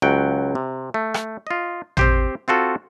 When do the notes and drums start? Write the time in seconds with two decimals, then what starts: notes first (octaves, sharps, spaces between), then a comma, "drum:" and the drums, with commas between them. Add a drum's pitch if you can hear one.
0.02 C#2 F#3 F#5 G5
0.55 C3
0.94 A3
1.14 drum: rim click
1.47 F4 D#5
1.97 C4 G4 C5, drum: tom
2.48 C4 F4 F#4 A4